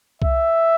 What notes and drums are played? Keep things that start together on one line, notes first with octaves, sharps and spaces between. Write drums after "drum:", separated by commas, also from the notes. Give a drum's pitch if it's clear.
E5, drum: kick C2